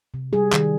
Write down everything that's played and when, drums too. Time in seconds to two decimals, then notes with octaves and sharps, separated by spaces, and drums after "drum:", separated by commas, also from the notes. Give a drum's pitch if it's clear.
0.14 C3
0.33 G3 G#4
0.53 D#3, drum: clap